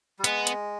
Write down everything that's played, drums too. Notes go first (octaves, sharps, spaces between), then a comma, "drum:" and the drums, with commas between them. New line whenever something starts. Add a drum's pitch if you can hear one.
G3
G#3 B3, drum: hi-hat
drum: hi-hat